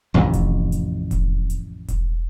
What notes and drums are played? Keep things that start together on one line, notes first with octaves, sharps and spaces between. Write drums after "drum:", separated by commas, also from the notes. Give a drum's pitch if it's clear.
A1 F2 C3 D#3
drum: kick E1, hi-hat
drum: hi-hat
drum: kick E1, hi-hat
drum: hi-hat
drum: kick E1, hi-hat